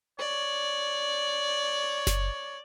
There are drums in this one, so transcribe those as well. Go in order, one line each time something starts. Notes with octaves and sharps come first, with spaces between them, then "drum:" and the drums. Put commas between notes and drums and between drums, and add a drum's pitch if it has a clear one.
C#5 D5
drum: snare F#1